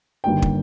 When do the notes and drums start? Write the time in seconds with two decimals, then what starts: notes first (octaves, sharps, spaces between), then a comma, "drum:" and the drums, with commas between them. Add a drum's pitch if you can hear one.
0.24 G1 G2 D#3 A#3 G5
0.42 drum: kick